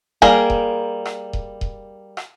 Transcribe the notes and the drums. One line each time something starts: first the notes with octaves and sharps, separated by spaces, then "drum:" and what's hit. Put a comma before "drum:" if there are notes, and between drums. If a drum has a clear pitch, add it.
G3 A#3 G#4 A#4, drum: kick D#1
drum: kick D#1
drum: rim click
drum: kick D#1
drum: kick D#1
drum: rim click